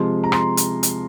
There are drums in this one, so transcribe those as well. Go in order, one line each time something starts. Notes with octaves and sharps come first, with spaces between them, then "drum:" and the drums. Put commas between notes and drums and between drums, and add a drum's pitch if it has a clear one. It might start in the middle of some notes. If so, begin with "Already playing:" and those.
Already playing: C3 F3 G#3 C6
A#5
C6, drum: rim click
drum: hi-hat
drum: hi-hat